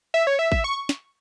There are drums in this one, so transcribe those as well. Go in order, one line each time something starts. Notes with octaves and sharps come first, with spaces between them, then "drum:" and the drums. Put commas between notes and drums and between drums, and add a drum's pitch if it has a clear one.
E5
C#5
E5
E5, drum: kick G#1
C#6
drum: snare